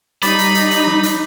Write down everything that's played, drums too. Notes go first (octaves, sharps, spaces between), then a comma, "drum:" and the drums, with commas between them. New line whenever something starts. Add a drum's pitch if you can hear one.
G3 D#4 B5 D6 A6 B6, drum: hi-hat
drum: hi-hat
drum: hi-hat
drum: hi-hat
drum: snare
drum: hi-hat